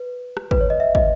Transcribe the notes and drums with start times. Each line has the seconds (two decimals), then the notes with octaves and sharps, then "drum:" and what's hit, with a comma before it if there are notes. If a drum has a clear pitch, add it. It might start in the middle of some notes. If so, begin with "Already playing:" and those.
Already playing: B4
0.37 drum: rim click
0.51 B4, drum: kick
0.61 C#5
0.70 D#5
0.80 E5
0.95 D#5, drum: kick